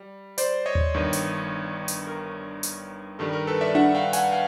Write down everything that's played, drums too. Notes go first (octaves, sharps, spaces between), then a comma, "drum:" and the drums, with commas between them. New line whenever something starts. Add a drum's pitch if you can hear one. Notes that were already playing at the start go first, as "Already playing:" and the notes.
Already playing: G3
C5 D5, drum: hi-hat
C#5 D#5
drum: tom D#2
G1 G2 D#3
drum: hi-hat
drum: hi-hat
A#4
drum: hi-hat
G2 D#3 G3 A4
A#4
A4 B4
D5 E5
E5 F#5, drum: tom D4
F5 G5
F#5 G#5, drum: hi-hat
F5 G5